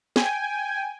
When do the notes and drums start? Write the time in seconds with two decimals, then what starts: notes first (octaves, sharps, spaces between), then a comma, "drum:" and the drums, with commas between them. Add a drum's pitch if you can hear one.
0.16 G5 G#5, drum: snare